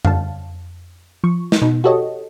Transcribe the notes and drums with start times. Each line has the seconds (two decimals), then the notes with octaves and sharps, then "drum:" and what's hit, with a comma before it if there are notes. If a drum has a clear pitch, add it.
0.05 F5 A5, drum: tom F2
1.24 F3 C#6
1.52 drum: snare
1.62 B2 D#4
1.84 F#4 G4 A4 C#5 D#5